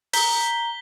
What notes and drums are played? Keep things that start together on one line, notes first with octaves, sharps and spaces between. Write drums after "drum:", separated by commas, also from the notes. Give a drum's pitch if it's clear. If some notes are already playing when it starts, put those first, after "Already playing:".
A#5 G6 B6 G7, drum: open hi-hat